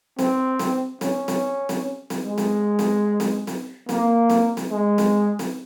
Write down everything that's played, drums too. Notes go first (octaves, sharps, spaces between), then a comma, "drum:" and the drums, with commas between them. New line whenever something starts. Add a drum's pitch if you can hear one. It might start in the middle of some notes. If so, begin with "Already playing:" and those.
C4, drum: snare
drum: snare
C#4, drum: snare
drum: snare
drum: snare
drum: snare
G#3
drum: snare
drum: snare
drum: snare
drum: snare
A#3, drum: snare
drum: snare
drum: snare
G#3
drum: snare
drum: snare